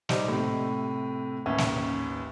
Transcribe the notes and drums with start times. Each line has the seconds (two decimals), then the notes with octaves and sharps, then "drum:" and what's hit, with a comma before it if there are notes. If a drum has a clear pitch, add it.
0.09 G3 D#4 C5 D5, drum: snare
0.28 A2 C3
1.46 A1 D#2 C#4 E5 G#6
1.58 drum: snare